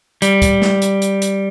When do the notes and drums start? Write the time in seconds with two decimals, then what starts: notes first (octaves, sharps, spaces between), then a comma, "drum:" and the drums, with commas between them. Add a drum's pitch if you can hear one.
0.22 G3, drum: hi-hat
0.42 drum: kick C2, hi-hat
0.62 drum: snare
0.82 drum: hi-hat
1.02 drum: hi-hat
1.22 drum: hi-hat